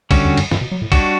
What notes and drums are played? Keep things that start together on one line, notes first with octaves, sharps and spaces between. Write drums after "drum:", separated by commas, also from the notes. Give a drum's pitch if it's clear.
D3 G3 C#4 F#4, drum: kick, cymbal
E2
F#2, drum: cymbal
G2, drum: snare
B2
F#3
A2
G3 D4 F#4 C#5, drum: kick, cymbal